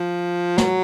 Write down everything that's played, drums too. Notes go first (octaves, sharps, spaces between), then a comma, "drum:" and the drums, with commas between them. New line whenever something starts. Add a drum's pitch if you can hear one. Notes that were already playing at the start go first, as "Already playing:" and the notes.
Already playing: F3
F#3, drum: snare